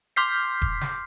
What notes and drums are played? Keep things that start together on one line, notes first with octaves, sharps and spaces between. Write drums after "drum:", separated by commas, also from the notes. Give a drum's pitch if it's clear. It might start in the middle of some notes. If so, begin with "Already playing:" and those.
C6 D6 F6 G6 B6 C7, drum: hi-hat
drum: kick E1
drum: snare